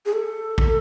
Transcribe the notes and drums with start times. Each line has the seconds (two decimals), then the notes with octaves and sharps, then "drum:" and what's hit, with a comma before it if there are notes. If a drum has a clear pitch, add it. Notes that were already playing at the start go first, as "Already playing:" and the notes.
0.06 G#4
0.13 A4
0.58 drum: kick